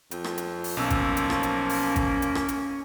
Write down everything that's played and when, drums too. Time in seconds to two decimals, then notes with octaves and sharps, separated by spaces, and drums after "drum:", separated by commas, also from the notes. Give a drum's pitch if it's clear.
0.11 F2, drum: hi-hat
0.24 drum: rim click
0.38 drum: hi-hat
0.64 drum: open hi-hat
0.77 B1 F3 A#3 C#4 E6
0.90 drum: kick G#1, hi-hat
1.17 drum: hi-hat
1.30 drum: rim click
1.43 drum: hi-hat
1.69 drum: open hi-hat
1.96 drum: kick G#1, hi-hat
2.22 drum: hi-hat
2.35 drum: rim click
2.48 drum: hi-hat